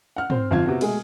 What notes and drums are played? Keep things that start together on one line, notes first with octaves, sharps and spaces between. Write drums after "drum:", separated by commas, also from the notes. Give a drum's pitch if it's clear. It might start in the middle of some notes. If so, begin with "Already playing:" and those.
F#5 F6
C4 C5, drum: tom
G1 F2 C4 F4 G#6
C3 B3 F#4
B2 G#3 A3 G#4, drum: cymbal